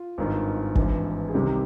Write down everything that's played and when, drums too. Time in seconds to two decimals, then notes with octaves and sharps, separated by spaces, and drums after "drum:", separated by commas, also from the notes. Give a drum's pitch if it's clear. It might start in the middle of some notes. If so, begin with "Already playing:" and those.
Already playing: F4
0.18 G#1 G2 D#3
0.75 G#1 G2 E3, drum: kick
1.29 G#4
1.34 C2 C3 D#3 G4